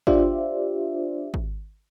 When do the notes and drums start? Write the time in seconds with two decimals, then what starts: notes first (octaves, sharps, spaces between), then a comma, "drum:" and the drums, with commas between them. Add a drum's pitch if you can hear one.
0.07 D4 F4 G4 C5 D5 E5, drum: kick G#1
1.34 drum: kick G#1